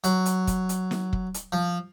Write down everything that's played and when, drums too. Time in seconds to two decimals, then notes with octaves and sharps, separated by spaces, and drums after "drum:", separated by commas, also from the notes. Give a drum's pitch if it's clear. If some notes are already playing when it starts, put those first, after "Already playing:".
0.04 F#3, drum: hi-hat
0.26 drum: hi-hat
0.47 drum: kick, hi-hat
0.69 drum: hi-hat
0.91 drum: snare
1.13 drum: kick
1.34 drum: hi-hat
1.52 F3